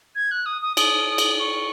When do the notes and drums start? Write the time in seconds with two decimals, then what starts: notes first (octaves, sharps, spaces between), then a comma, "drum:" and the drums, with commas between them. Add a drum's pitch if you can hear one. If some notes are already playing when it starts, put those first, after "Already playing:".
0.15 G#6
0.31 F#6
0.46 D#6
0.62 D#6
0.77 D#6, drum: cymbal
1.18 drum: cymbal
1.39 C#6